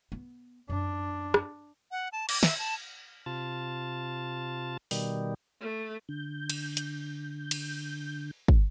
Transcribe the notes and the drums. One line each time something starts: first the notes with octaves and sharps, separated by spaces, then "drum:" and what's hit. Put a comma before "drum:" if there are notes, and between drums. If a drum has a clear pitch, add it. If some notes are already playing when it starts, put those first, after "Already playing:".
B3
F#2 D4
drum: rim click
F#5
A5
D6, drum: cymbal
E5, drum: snare
A5
C3 F4 A5
B2 D#3 G3, drum: open hi-hat
A3
D3 G6
drum: cymbal
drum: hi-hat
drum: cymbal
drum: kick